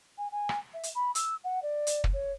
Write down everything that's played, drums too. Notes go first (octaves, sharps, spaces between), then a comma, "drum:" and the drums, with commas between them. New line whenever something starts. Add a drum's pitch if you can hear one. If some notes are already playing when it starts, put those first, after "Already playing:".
G#5
G#5
drum: rim click
E5
drum: hi-hat
B5
E6, drum: hi-hat
F#5
D5
drum: hi-hat
drum: kick
C#5